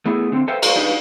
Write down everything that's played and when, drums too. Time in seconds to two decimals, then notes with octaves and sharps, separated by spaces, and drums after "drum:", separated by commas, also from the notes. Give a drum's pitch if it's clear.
0.06 A3 B3 E4 G#4
0.32 D3 C4
0.48 A4 B4 C5 E5 F5 G5
0.62 F#4 C5 A#5, drum: cymbal
0.76 D4 D#4 F#4 G4 B4